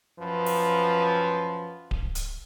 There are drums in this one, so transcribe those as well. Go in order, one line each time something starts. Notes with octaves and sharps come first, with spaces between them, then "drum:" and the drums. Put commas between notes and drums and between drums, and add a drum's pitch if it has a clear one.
F#2 F3 B4
drum: open hi-hat
drum: kick D1
drum: hi-hat